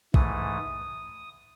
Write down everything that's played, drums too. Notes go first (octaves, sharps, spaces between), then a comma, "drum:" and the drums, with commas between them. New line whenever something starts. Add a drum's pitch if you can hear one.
G#2 E3 A3 D#6, drum: kick B1